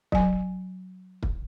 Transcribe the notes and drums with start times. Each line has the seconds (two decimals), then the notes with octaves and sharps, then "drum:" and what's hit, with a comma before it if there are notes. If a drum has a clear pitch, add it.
0.12 F#3 G#5, drum: kick
1.23 drum: kick